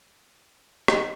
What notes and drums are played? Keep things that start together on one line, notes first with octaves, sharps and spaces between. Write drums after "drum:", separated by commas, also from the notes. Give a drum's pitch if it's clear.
D#4, drum: rim click